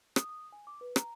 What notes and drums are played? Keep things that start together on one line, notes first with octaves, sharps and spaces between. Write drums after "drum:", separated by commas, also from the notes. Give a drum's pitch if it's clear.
D#6, drum: rim click
D#6
G#5
D6
B4
A#5, drum: rim click